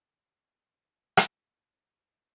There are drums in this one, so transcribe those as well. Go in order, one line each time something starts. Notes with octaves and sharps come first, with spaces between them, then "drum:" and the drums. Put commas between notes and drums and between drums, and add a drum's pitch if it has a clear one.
F3 D#5
G#4 A5
drum: rim click
C#5